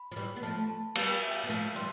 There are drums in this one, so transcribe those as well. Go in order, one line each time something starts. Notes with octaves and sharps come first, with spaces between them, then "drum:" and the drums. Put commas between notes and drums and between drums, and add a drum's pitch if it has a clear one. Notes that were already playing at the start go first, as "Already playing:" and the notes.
Already playing: B5
F3
E3 G3
B3
F3 A3 A5
A5
G3 B3 F5, drum: cymbal
G5
E5
G5
F5
B3
F3 A3 F5
E3 G3 C6